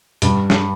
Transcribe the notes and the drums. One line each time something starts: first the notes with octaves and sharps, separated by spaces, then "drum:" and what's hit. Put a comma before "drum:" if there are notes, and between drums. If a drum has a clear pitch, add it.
G2, drum: hi-hat
drum: snare